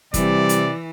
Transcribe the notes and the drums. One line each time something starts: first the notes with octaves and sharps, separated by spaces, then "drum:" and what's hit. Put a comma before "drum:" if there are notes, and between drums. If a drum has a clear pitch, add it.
C3 E3 G3 D5, drum: kick F#1, hi-hat
drum: hi-hat